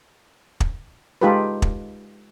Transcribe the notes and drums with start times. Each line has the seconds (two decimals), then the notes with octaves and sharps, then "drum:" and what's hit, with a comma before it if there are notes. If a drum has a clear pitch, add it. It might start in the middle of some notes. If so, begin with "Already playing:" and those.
0.60 drum: kick
1.21 G#3 D#4 F4 G4 A4 B4
1.62 drum: kick